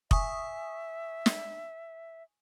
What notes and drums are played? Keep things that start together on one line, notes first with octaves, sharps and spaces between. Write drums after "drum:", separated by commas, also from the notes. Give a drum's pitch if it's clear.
E5 G#5 C#6 D#6, drum: kick F1
drum: snare